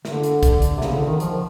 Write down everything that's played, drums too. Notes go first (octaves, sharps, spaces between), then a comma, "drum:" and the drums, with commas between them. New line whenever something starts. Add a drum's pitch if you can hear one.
D3, drum: snare
drum: hi-hat
drum: kick B1, hi-hat
drum: hi-hat
C3
C#3, drum: snare
D3
D#3
F3, drum: hi-hat